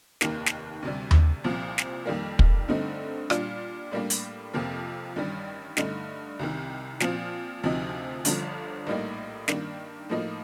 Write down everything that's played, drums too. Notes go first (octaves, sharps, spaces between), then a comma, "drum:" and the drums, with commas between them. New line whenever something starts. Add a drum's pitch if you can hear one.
F1 D#2 D#3 A#3, drum: snare
drum: snare
D2 C3 G3
drum: tom D#2
C2 A#2 F3 C4
drum: snare
F2 D#3 G3 A#3
drum: kick
G2 D3 A3 C4 D#4
A#2 G3 D4 F4, drum: rim click
A2 G3 A#3 D4
drum: hi-hat
F2 C3 F3 A#3 F4
A1 G2 D#3 G3
G2 D3 A3 D#4, drum: snare
C2 C3 D#3
A#2 F3 C4 F4, drum: snare
D2 C3 F3 C4 D#4
G1 G2 D3 F3, drum: hi-hat
A#1 A2 G3 A#3 D#4
G2 D#3 A#3 D4, drum: snare
A2 F3 A#3 D#4